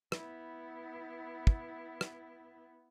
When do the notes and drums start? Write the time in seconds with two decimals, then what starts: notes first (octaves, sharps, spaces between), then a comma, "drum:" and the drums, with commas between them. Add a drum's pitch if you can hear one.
0.12 B3 E4, drum: rim click
1.47 drum: kick
2.01 drum: rim click